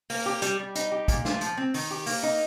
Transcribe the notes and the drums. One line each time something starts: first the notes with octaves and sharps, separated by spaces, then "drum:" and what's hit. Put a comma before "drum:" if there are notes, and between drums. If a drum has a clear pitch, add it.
A#3, drum: open hi-hat
G4
G3, drum: hi-hat
G3
D#4, drum: hi-hat
G4
A#2, drum: kick, hi-hat
F4, drum: snare
F3, drum: hi-hat
C4
D#3, drum: open hi-hat
G4
A#3, drum: open hi-hat
D#4